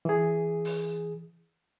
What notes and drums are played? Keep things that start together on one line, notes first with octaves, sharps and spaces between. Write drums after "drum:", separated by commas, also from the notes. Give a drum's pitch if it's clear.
E3 G#4
drum: open hi-hat